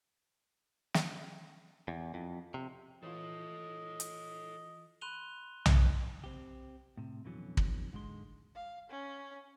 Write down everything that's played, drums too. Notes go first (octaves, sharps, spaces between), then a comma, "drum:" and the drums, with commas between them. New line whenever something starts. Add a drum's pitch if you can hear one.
drum: snare
E2
F2
C3
E3 F4 A4 C#5 D#5
drum: hi-hat
B5 C6 F#6 D#7 F7 G7
drum: tom B1
C4 G4
A2 C3
F2 B2 D3 E3 F#3 C#4
drum: kick
G#2 D3 G#3 C6
F5
C#4